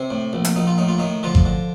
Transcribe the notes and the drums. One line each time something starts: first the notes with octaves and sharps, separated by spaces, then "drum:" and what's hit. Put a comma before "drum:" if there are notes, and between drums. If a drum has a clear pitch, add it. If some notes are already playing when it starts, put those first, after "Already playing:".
Already playing: C3 C4
A2
A#1
drum: hi-hat
A#1 D#4
F4
A2 D#4
F4
A2 D#3 D#4
D3 F3 F4
drum: kick G#1
D3